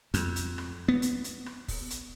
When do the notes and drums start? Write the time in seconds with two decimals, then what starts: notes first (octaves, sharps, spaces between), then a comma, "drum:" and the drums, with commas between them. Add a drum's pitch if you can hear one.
0.14 F2, drum: hi-hat
0.36 drum: hi-hat
0.58 drum: rim click
0.88 B3
1.02 drum: hi-hat
1.24 drum: hi-hat
1.46 drum: rim click
1.68 drum: kick, open hi-hat
1.90 drum: hi-hat